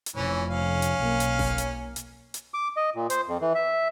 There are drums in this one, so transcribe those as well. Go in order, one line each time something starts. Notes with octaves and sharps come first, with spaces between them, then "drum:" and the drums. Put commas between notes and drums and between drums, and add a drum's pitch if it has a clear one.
drum: hi-hat
F1 E3 C#4
C#4 F5
drum: hi-hat
B1 A#3
drum: hi-hat
drum: snare F#1
drum: hi-hat
drum: hi-hat
drum: hi-hat
D6
D#5
A#2
C5, drum: hi-hat
F2
E3
E5